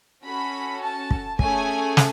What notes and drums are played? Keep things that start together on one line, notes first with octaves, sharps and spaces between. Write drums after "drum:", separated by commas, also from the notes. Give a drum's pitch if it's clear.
C#4 F#4 A4 B5
A5
drum: kick
A3 C#4 G#4 G#5, drum: kick
drum: snare